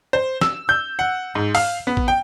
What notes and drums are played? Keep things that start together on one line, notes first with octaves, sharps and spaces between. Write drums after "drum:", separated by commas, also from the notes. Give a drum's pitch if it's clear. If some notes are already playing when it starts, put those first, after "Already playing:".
C5
E6, drum: snare
G6
F#5
G#2
F5, drum: open hi-hat
B3
drum: kick A1
G5